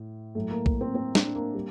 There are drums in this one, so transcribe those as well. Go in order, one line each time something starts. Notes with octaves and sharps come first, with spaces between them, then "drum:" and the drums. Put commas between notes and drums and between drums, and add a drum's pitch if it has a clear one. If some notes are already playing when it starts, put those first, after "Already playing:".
Already playing: A2
A2 F#3 A3
A#3
A#3, drum: kick A#1
C4
C4
D4, drum: snare
A#3
G3